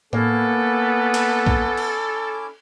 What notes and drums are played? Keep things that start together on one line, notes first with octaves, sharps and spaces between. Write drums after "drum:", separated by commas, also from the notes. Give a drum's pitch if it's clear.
A#3 B3 C#4 E4 A4 D6, drum: tom A2
drum: cymbal
drum: kick B1
drum: cymbal